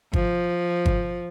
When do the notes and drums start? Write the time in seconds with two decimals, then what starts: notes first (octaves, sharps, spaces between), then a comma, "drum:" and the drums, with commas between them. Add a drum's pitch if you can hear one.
0.13 F3, drum: kick G1
0.86 drum: kick G1